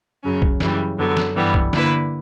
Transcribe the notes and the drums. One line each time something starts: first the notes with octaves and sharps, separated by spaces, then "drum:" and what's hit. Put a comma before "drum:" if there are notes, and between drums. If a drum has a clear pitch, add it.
F#2 C#3 F#3 C#4
drum: kick B1
F#2 C#3 E3 G3, drum: snare
F#2 D3 F#3 B3
drum: snare
G2 E3 G3 B3
drum: kick B1
D3 A#3 E4 B4, drum: snare